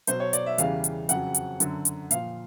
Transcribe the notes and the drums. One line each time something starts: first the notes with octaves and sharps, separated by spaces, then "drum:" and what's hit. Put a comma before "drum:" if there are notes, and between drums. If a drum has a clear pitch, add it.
B2 F#3 C5, drum: hi-hat
C#5
D5, drum: hi-hat
E5
E2 C#3 E3 G3 F5, drum: hi-hat
drum: hi-hat
F2 C#3 F#3 F#5, drum: hi-hat
drum: hi-hat
F#2 D3 F#3, drum: hi-hat
drum: hi-hat
A#2 F3 F5, drum: hi-hat